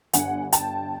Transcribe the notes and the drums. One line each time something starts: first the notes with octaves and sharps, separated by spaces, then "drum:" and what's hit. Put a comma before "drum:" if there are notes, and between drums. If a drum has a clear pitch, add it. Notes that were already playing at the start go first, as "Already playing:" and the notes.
G1 G2 D3 F#5 G#5, drum: hi-hat
G5 A5, drum: hi-hat